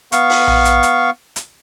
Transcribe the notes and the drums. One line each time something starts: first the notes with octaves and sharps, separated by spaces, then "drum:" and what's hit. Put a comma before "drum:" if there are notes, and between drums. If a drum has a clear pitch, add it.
B3 F5 C#6, drum: hi-hat
drum: open hi-hat
drum: tom A#1
drum: hi-hat
drum: hi-hat
drum: hi-hat